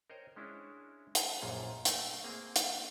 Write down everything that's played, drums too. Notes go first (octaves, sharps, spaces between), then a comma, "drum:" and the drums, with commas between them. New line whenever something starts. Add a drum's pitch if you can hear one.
A#4 C5 C#5 D#5 G5 A#5
G#3 C#4 D4 E4
drum: hi-hat
A#1 F#2 A#2 F4 G#4 F#5
A3 A#4, drum: hi-hat
A#3 C4 G#4 A#5
drum: hi-hat